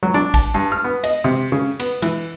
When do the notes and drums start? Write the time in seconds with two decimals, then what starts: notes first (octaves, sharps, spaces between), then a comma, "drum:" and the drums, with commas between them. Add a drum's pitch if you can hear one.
0.03 F#3
0.14 D4
0.34 A5, drum: kick A1, cymbal
0.54 G2
0.72 F6
0.84 B3
1.04 D#5, drum: cymbal
1.24 C3
1.52 C#3
1.80 B3, drum: cymbal
2.02 E3, drum: cymbal